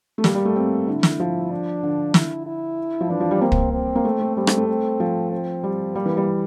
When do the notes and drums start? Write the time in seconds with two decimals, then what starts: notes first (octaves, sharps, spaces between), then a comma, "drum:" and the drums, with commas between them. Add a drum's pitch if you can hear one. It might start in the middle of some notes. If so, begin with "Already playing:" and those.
0.18 A3
0.24 G3 A#3, drum: snare
0.34 G3
0.45 A3
0.56 A#3 C4
0.88 D3 E4
1.03 drum: snare
1.20 F3
1.51 D4
1.83 D3
2.14 E4, drum: snare
2.46 E4
3.01 F3
3.10 E3 D4
3.20 F3
3.31 G3
3.41 A#3 C4
3.52 drum: kick
3.73 C4
3.95 A#3
4.05 A3
4.21 A3
4.36 G3 C4
4.47 A3, drum: rim click
4.57 A3
4.68 C4
5.00 F3
5.32 C4
5.63 G3
5.95 G3 A#3
6.06 E3
6.17 G3